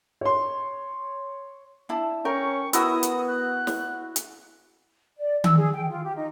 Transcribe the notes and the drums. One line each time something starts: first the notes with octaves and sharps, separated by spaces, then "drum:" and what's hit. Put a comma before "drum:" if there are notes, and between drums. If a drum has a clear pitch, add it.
C#5 C6
D4 E4 A5
C#4 A#4 G5 C#6
B3 E4 F#4 A#4 E5 D#6, drum: hi-hat
drum: hi-hat
F#6
drum: snare
drum: hi-hat
D5
E6, drum: tom D#3
G#4
G5
F4
G4
D#4